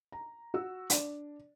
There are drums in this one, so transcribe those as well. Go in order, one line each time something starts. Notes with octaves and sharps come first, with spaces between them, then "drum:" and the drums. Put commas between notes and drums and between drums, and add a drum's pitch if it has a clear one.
A#5
F#4 E6
D4 D5, drum: hi-hat